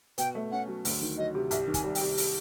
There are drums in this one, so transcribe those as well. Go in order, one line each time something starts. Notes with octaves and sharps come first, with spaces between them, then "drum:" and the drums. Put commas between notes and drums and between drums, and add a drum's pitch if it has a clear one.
B2 G5, drum: hi-hat
A3
C#4 F#5
F#3
D2, drum: open hi-hat
D#3
F#3 D#5
C3
C2 E5, drum: hi-hat
D#3
G#5, drum: kick, hi-hat
G3
G5, drum: open hi-hat
C3
drum: open hi-hat